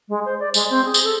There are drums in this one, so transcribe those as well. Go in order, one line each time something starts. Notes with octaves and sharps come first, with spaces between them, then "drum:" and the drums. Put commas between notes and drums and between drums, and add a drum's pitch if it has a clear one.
G#3
C5
D5
G#3, drum: tambourine
C4
G#4
drum: tambourine
A4